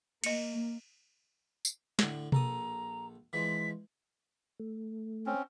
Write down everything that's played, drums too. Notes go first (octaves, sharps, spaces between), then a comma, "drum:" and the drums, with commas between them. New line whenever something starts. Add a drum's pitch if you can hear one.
A#3 D#5 C#7, drum: cymbal
drum: tambourine
A2 D3, drum: snare
A#1 A4 A#5 D#6, drum: tom B2
E3 F3 G#3 B6
A3
C4 C#4